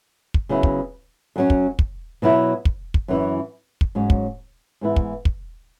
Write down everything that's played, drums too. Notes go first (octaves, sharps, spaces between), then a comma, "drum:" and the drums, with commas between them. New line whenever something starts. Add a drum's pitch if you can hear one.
drum: kick
C#3 F#3 B3 E4
drum: kick
F#2 F#3 C#4
drum: kick
drum: kick
B2 F#3 E4
drum: kick
drum: kick
F#2 E3 C#4 E4
drum: kick
G#2 F#3 C#4
drum: kick
G#2 E3 B3 E4
drum: kick
drum: kick